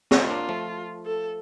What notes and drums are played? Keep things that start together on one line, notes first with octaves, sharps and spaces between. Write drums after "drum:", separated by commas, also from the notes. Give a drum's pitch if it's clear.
A3 C#4, drum: snare
F4
A#3 D4
F3 A3
A4